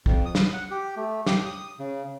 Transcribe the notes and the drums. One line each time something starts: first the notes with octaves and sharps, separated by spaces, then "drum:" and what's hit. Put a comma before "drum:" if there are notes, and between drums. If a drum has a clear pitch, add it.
F2, drum: kick
D#6
drum: snare
F#5
G4
A3
G4, drum: snare
D#6
C#3